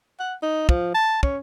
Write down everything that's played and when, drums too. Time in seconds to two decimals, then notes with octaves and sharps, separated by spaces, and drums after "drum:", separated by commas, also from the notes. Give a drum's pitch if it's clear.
0.20 F#5
0.42 D#4
0.69 F3, drum: kick
0.94 A5
1.23 C#4, drum: kick